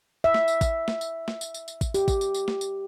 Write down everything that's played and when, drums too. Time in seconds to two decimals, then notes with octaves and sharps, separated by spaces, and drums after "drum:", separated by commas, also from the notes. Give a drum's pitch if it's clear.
0.24 E5
0.34 drum: snare
0.48 drum: tambourine
0.61 drum: kick, tambourine
0.88 drum: snare
1.01 drum: tambourine
1.28 drum: snare
1.41 drum: tambourine
1.54 drum: tambourine
1.68 drum: tambourine
1.81 drum: kick, tambourine
1.94 G4, drum: tambourine
2.08 drum: kick, tambourine
2.21 drum: tambourine
2.34 drum: tambourine
2.48 drum: snare
2.61 drum: tambourine